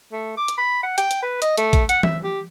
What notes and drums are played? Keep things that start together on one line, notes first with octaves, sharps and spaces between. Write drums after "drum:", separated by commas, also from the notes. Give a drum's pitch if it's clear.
A3
D6
drum: hi-hat
B5
F#5
G5, drum: hi-hat
drum: hi-hat
B4
D#5, drum: hi-hat
A3, drum: hi-hat
drum: kick A1, hi-hat
F#5, drum: hi-hat
E5, drum: tom E3
G4